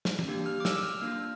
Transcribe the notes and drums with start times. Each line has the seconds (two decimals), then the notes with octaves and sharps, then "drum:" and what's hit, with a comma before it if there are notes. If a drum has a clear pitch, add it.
0.05 drum: snare
0.19 drum: tom
0.28 A#3 D4 G4
0.46 F6
0.60 D6
0.65 E6, drum: snare
0.83 F6
1.01 A#3 D4 F4 F6